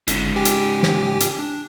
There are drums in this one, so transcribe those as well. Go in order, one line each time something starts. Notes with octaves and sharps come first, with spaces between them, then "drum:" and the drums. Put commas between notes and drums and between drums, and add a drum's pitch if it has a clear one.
G1 G#2 C#3, drum: hi-hat
G4 G5 G#5
drum: hi-hat
drum: snare
drum: hi-hat
D4